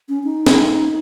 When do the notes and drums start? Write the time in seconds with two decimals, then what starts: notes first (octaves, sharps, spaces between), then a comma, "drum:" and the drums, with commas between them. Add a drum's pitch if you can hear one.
0.09 C#4
0.24 D#4
0.46 drum: snare